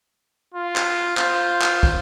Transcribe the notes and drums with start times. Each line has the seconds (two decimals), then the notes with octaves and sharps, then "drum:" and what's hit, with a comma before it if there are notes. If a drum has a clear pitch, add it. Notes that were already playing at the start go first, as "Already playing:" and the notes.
0.54 F4
0.76 drum: clap
1.17 F4 C5, drum: clap
1.62 drum: clap
1.83 drum: kick